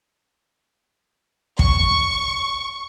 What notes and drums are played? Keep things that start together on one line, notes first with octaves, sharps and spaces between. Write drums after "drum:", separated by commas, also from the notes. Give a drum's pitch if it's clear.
C#6, drum: kick